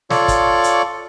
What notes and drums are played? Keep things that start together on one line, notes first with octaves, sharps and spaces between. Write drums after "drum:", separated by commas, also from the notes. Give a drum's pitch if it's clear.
F4 A4 C#5 D5 C#6, drum: snare
drum: kick, hi-hat
drum: hi-hat